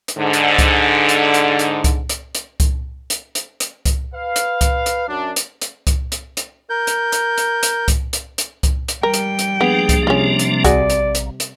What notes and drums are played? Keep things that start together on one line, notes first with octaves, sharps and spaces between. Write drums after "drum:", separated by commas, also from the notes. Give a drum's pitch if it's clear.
drum: hi-hat
G#2 D3
drum: hi-hat
drum: kick C2, hi-hat
drum: hi-hat
drum: hi-hat
drum: hi-hat
drum: kick C2, hi-hat
drum: hi-hat
drum: hi-hat
drum: kick C2, hi-hat
drum: hi-hat
drum: hi-hat
drum: hi-hat
drum: kick C2, hi-hat
B4 F5
drum: hi-hat
drum: kick C2, hi-hat
drum: hi-hat
F#2 D4
drum: hi-hat
drum: hi-hat
drum: kick C2, hi-hat
drum: hi-hat
drum: hi-hat
A#4 G6
drum: hi-hat
drum: hi-hat
drum: hi-hat
drum: hi-hat
drum: kick C2, hi-hat
drum: hi-hat
drum: hi-hat
drum: kick C2, hi-hat
drum: hi-hat
G3 A#4 G5
drum: hi-hat
drum: hi-hat
F3 A#3 B3 D4 G#4
drum: kick C2, hi-hat
C3 G3 C#4 F4
drum: hi-hat
A#1 F#4 G#4 D5, drum: kick C2, hi-hat
drum: hi-hat
drum: hi-hat
drum: hi-hat